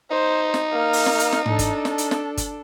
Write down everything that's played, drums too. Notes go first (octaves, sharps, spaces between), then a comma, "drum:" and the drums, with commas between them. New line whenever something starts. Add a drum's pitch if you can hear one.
D#4 C5
drum: snare
A#3 F6
drum: open hi-hat
drum: snare
drum: hi-hat
drum: snare
D4 A4, drum: tom G#2
drum: kick G1, hi-hat
drum: snare
drum: hi-hat
drum: snare
drum: kick G1, hi-hat